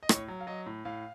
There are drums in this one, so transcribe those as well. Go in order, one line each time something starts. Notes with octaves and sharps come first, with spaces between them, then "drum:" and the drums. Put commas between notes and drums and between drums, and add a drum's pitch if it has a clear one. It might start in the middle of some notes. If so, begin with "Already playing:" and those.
D#5
A2 C#5, drum: rim click
F#3
F5
F#3 D#5
A2
A2 F5